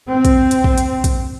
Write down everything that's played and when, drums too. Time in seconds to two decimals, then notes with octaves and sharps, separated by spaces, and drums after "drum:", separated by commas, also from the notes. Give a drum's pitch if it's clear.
0.11 C4
0.25 drum: kick, hi-hat
0.51 drum: hi-hat
0.64 drum: kick
0.78 drum: hi-hat
1.04 drum: kick, hi-hat